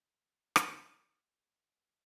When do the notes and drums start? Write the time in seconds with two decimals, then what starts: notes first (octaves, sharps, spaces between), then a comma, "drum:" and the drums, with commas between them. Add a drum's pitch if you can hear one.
0.56 drum: rim click
0.66 A2 A#3 G#4 A#4
1.15 D4
1.30 D3
1.44 G#1 F#3 D5
1.68 C#3 B4